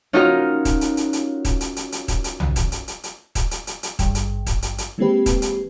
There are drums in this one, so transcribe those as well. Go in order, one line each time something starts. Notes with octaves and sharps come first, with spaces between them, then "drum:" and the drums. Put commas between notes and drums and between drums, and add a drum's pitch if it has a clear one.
C#4 D#4 F4 F#4 A#4 D#5
drum: kick, hi-hat
drum: hi-hat
drum: hi-hat
drum: hi-hat
drum: kick, hi-hat
drum: hi-hat
drum: hi-hat
drum: hi-hat
drum: kick, hi-hat
drum: hi-hat
drum: tom
drum: kick, hi-hat
drum: hi-hat
drum: hi-hat
drum: hi-hat
drum: kick, hi-hat
drum: hi-hat
drum: hi-hat
drum: hi-hat
G#1 G2, drum: kick, hi-hat
drum: hi-hat
drum: kick, hi-hat
drum: hi-hat
drum: hi-hat
E3 G#3 A#3 C4 G4 B4
drum: kick, hi-hat
drum: hi-hat